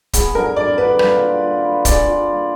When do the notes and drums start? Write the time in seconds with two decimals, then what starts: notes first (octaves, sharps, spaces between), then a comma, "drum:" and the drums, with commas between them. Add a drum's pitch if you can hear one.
0.13 B3 G#4, drum: kick, hi-hat
0.35 D3 A#4
0.56 D4 D5
0.78 D3 B4
0.99 A#3 B4, drum: rim click
1.20 F4
1.42 F4
1.64 B4
1.85 G#4 D5, drum: kick, hi-hat
2.06 F4
2.28 A#3